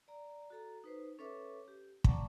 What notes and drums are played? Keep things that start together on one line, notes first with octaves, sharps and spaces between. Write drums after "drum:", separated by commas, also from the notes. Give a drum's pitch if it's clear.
D5 A#5
F#4 A4 A#5
D#4 B4 C5
C#4 A4 B4 C#5 E5 D6
G4
D5 F#5 A5 A#5 C#6 D6, drum: kick